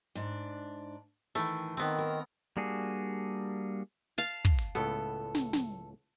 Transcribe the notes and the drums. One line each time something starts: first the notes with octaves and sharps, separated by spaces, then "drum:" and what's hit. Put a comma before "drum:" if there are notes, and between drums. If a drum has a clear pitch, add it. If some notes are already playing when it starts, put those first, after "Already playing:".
G#2 D4
A2 D#3 E3 A3
D#3 B3 C4
A#4
G3 A#3 D4 F#4 G#4
F5 A5
drum: kick
drum: hi-hat
C#2 A2 B3 A4
drum: snare
drum: snare